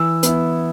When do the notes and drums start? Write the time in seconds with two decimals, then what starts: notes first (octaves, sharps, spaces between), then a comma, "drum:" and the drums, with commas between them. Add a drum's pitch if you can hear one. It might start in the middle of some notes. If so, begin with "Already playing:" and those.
Already playing: E3 E6
0.23 B3 E4, drum: hi-hat